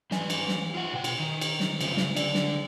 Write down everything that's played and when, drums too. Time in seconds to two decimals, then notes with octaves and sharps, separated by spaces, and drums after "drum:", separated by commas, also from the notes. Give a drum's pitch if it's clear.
0.11 E3 G4 G#5, drum: snare
0.30 drum: cymbal
0.48 drum: snare
0.74 F4 F#5
0.93 B2 G5
1.04 drum: cymbal
1.19 D#3
1.41 drum: cymbal
1.60 drum: snare
1.81 C#3 F3 C4, drum: cymbal
1.97 drum: snare
2.17 D3 D5, drum: cymbal
2.35 drum: snare